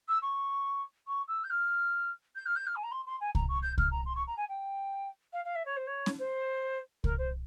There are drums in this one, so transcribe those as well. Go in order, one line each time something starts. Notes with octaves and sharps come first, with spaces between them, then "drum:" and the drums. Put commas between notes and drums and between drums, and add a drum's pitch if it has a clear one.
E6
C#6
C#6
E6
G6
F6
G6
F6
G6
F6
G#5
A#5
C6
C6
G#5
A#5, drum: kick C2
C#6
G6
F6, drum: kick C2
A#5
C6
C#6
A#5
G#5
G5
F5
F5
E5
C#5
C5
C#5
drum: snare C#4
C5
A#4, drum: kick C2
C5